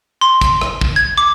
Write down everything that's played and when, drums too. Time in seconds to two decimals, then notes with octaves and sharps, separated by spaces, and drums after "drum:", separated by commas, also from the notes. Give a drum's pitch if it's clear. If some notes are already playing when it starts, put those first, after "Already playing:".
0.21 C6
0.41 drum: kick, hi-hat
0.61 drum: rim click
0.81 drum: kick
0.96 G#6
1.18 D6